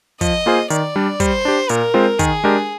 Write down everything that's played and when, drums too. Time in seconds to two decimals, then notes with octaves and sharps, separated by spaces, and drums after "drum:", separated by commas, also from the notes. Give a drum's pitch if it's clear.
0.21 F3 D#5, drum: kick, hi-hat
0.46 A#3 F4 G#4 C5
0.70 D#3 D5, drum: hi-hat
0.96 G3 D4
1.20 G3 C5, drum: kick, hi-hat
1.45 D4 G4
1.69 A#2 A#4, drum: hi-hat
1.94 G#3 C4 F4 C5
2.19 D#3 G#4, drum: kick, hi-hat
2.44 G#3 D4 G4 A#4